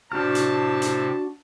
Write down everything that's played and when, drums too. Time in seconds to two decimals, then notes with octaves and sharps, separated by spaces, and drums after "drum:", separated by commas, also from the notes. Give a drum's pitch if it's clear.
0.12 A2 C3 C4 D4 F#4 A5 F6
0.35 drum: hi-hat
0.82 drum: hi-hat